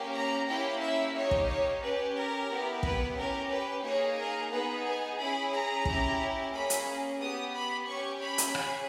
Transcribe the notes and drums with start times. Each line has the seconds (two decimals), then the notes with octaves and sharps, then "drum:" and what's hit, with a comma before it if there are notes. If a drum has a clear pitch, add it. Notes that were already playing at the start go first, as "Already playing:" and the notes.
Already playing: A#3 C#4 G4
0.14 A#5
0.48 A#3 C#4 E4 G4 G5
0.81 E5
1.15 A#3 D#4 G4 C#5
1.31 drum: kick
1.48 C#5
1.82 C#4 G4 B4
2.16 A#4
2.50 B3 E4 G4
2.83 B4, drum: kick
3.17 C#4 G4 A#4
3.51 B4
3.84 A#3 D#4 G#4 C#5
4.18 A#4
4.51 B3 D#4 G#4 B4
4.85 G#5
5.19 C#4 E4 G#4 B5
5.52 A#5
5.85 C#4 E4 G4, drum: kick
6.54 A#3 C#4 G#4 B5
6.70 drum: hi-hat
7.21 B3 G4 D#6
7.54 B5
7.88 C#4 G4 C#6
8.21 B5
8.38 drum: hi-hat
8.55 C#4 G#4, drum: rim click